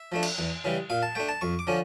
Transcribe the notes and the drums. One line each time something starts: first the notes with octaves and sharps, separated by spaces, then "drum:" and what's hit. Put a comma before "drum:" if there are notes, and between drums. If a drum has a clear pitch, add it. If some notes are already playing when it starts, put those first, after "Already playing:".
Already playing: E5
F3 A3 D4
drum: cymbal
E2
C#3 E3 G3
A#2 F5
A5
A3 D4 G5
A5
F2 C#6
D6
D3 F3 C#4